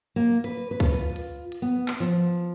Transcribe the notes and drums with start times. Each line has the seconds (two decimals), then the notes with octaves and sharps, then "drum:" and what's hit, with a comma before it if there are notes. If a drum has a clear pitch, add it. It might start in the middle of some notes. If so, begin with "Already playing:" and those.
0.16 A#3
0.44 B4, drum: hi-hat
0.71 B4
0.80 drum: kick C#2, hi-hat
1.01 F4
1.16 drum: hi-hat
1.52 drum: hi-hat
1.62 B3
1.88 drum: clap
2.00 F3